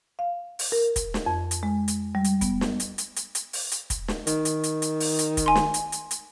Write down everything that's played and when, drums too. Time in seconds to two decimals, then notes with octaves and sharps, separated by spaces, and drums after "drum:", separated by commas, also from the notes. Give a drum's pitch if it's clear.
0.19 F5
0.59 drum: open hi-hat
0.72 A#4
0.96 drum: kick, hi-hat
1.14 drum: snare
1.26 F2
1.51 drum: hi-hat
1.63 G#3
1.88 drum: hi-hat
2.15 G3
2.24 drum: hi-hat
2.41 B3, drum: kick, hi-hat
2.61 drum: snare
2.80 drum: hi-hat
2.98 drum: hi-hat
3.16 drum: hi-hat
3.35 drum: hi-hat
3.53 drum: open hi-hat
3.72 drum: hi-hat
3.90 drum: kick, hi-hat
4.08 drum: snare
4.27 D#3, drum: hi-hat
4.45 drum: hi-hat
4.64 drum: hi-hat
4.82 drum: hi-hat
5.00 drum: open hi-hat
5.19 drum: hi-hat
5.37 drum: kick, hi-hat
5.46 G#5 C6
5.55 drum: snare
5.74 drum: hi-hat
5.92 drum: hi-hat
6.11 drum: hi-hat